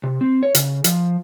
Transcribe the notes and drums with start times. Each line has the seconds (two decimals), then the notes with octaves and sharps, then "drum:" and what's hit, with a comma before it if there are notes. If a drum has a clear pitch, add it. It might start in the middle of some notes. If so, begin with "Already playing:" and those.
0.04 C3
0.21 C4
0.43 C#5
0.55 C#3, drum: hi-hat
0.84 F3, drum: hi-hat